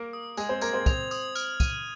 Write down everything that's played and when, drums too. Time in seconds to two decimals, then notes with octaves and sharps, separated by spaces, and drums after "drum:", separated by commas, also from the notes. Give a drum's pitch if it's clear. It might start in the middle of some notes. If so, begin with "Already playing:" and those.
Already playing: A#3 A#4
0.13 D#6
0.37 G#3 G#4 G#6, drum: tambourine
0.49 C4 C5
0.61 A#3 A#4 G#6, drum: tambourine
0.73 C4 C5
0.86 C4 C5 F7, drum: kick, tambourine
1.11 D#6, drum: tambourine
1.35 F6, drum: tambourine
1.60 D#7, drum: kick, tambourine